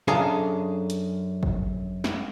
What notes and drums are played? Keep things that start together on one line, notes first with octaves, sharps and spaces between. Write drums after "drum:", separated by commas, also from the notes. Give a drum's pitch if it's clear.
F#2 D4 G#4 A4 F5 A#5
drum: hi-hat
drum: kick
drum: snare